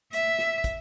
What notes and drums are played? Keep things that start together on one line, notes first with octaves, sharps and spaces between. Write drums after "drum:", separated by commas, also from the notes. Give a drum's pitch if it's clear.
E5, drum: hi-hat
drum: snare
drum: kick, hi-hat